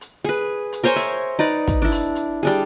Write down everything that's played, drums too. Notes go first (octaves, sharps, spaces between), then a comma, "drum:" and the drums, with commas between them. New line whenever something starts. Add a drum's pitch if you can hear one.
drum: hi-hat
G#4 B4
drum: hi-hat
A#4 C5 C#5 G#5
E5, drum: open hi-hat
D#4 B4 D5
drum: kick, hi-hat
D4 E4
drum: open hi-hat
drum: hi-hat
G3 D4 G#4